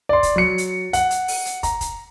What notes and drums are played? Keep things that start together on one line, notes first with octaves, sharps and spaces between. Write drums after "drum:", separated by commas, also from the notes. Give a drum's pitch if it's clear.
D5 C6
drum: kick, hi-hat
F#3 C#7
drum: hi-hat
F#5, drum: hi-hat
drum: hi-hat
drum: open hi-hat
drum: hi-hat
A#5, drum: kick, hi-hat
drum: kick, hi-hat